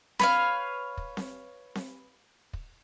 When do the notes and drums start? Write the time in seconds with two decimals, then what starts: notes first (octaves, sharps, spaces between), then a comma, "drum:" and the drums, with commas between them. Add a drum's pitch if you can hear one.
0.19 B4 C#5 F5, drum: snare C4
0.97 drum: kick
1.17 drum: snare C4
1.75 drum: snare C4
2.53 drum: kick